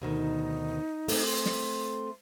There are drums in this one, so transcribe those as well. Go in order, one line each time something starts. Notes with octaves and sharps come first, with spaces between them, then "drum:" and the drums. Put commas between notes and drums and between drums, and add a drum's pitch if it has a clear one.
D2 B2 D#3 D#4
A3 C4, drum: open hi-hat
C6
drum: snare